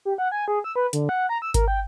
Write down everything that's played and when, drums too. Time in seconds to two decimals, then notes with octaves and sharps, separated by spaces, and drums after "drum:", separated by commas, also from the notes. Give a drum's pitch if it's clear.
0.05 G4
0.18 F#5
0.32 G#5
0.48 G#4
0.64 E6
0.76 B4
0.93 D3, drum: hi-hat
1.09 F#5
1.29 A#5
1.42 E6
1.54 A#4, drum: kick G#1, hi-hat
1.68 G5